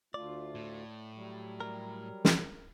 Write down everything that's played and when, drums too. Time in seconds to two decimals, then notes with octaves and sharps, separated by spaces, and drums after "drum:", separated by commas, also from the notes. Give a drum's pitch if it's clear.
0.14 D2 A3 F4 D5
0.55 A2
1.14 F#3 G3
1.60 A#4
2.25 drum: snare